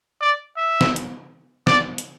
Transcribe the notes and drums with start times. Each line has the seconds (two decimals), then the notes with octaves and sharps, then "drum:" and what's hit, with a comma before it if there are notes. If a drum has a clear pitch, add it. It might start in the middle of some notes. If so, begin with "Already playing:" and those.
0.21 D5
0.57 E5
0.81 drum: snare
0.96 drum: hi-hat
1.67 D5, drum: snare
1.98 drum: hi-hat